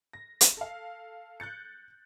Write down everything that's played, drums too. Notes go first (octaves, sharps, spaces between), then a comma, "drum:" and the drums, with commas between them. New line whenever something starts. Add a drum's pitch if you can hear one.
A#6
drum: hi-hat
A4 F5
F#6 G6 A6 C#7